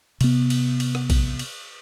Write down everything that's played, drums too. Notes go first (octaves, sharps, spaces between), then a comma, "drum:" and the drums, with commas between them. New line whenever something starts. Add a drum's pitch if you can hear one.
C3 B3, drum: cymbal
drum: cymbal
drum: cymbal
drum: rim click
drum: kick, cymbal
drum: cymbal